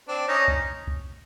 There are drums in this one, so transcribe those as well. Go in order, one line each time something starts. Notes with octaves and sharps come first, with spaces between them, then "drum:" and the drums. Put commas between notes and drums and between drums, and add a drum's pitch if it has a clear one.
C4 D4
C#4 D#4
drum: kick C#2
drum: kick C#2